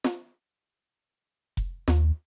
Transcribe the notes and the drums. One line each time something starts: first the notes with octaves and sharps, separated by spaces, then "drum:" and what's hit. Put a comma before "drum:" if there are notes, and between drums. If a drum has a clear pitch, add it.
drum: snare
drum: kick F1
D#2, drum: snare